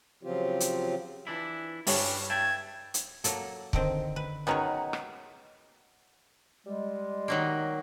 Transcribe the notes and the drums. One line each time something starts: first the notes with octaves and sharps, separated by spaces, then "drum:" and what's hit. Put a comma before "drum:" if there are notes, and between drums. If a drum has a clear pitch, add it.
C#3 F3 F#3 C4 F4 G4
drum: hi-hat
E3 D4 E4
G2 G3 C#4 D4 C#5 F#7, drum: open hi-hat
E5 G5 A5 G#6
drum: hi-hat
F#3 A#3 A4, drum: hi-hat
D3 D#3 C4, drum: kick
B4
B2 D#3 F#3 C#4 G#4 C#5
drum: rim click
G3 G#3
D#3 F#3 A#3